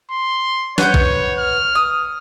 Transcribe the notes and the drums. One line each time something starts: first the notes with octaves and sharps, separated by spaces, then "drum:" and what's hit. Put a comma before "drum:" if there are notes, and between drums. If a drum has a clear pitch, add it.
C6
B4 C#5 F#5 G6, drum: snare
drum: kick
F6
D#6